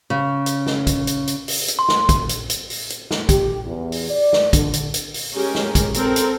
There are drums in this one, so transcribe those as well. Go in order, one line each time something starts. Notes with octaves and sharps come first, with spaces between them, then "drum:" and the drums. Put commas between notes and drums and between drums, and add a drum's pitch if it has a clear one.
C#3
drum: hi-hat
drum: snare
drum: kick, hi-hat
drum: hi-hat
drum: hi-hat
drum: open hi-hat
drum: hi-hat
C6
drum: snare
drum: kick, hi-hat
drum: hi-hat
drum: hi-hat
drum: open hi-hat
drum: hi-hat
drum: snare
G4, drum: kick, hi-hat
E2
drum: open hi-hat
D5
drum: snare
D3, drum: kick, hi-hat
drum: hi-hat
drum: hi-hat
drum: open hi-hat
G#3 C#4 G4 G#4 A#4
drum: snare
drum: kick, hi-hat
C4 A4 A#4, drum: hi-hat
drum: hi-hat